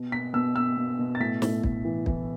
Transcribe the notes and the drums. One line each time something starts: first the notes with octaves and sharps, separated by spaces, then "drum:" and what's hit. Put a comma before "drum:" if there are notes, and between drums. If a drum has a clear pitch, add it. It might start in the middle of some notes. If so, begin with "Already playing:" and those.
Already playing: B2
B2 B6
B2 E6
B2 E6
B2
B2
A6
A2 B6
A2, drum: snare
A2, drum: kick
E3
E3, drum: kick